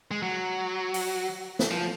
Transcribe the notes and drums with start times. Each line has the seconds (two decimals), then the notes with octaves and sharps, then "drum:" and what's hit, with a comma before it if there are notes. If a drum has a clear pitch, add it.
0.11 G#3
0.22 F#3
0.94 drum: open hi-hat
1.59 drum: snare
1.71 F3